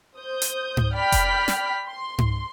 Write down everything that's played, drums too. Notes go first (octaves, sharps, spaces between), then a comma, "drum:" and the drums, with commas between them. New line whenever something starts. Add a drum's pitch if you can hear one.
C5 D#6 G6
drum: hi-hat
drum: tom G#2
D5 G5 B5 F6 B6
drum: kick F1, hi-hat
drum: snare
C6
drum: tom G#2